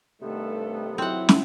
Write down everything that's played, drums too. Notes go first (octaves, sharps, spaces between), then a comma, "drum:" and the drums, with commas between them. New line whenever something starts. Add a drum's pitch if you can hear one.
G2 C3 D#3 A3 B3 A4
F#3 C4 E4 F#5
drum: snare